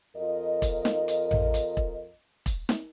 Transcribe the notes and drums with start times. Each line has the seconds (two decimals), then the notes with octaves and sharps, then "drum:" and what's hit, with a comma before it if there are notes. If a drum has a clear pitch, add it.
0.16 F2 F4 A#4 D#5
0.62 drum: kick E1, hi-hat
0.85 drum: snare
1.08 drum: hi-hat
1.31 drum: tom A1
1.54 drum: hi-hat
1.77 drum: kick E1
2.46 drum: kick E1, hi-hat
2.69 drum: snare